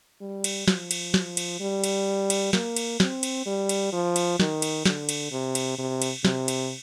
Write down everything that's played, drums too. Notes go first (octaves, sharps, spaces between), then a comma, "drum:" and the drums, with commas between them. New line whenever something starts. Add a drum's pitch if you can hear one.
G3
drum: cymbal
F3, drum: snare
drum: cymbal
drum: snare
drum: cymbal
G3
drum: cymbal
drum: cymbal
A#3, drum: snare
drum: cymbal
C4, drum: snare
drum: cymbal
G3
drum: cymbal
F3
drum: cymbal
D#3, drum: snare
drum: cymbal
D3, drum: snare
drum: cymbal
C3
drum: cymbal
C3
drum: cymbal
C3, drum: snare
drum: cymbal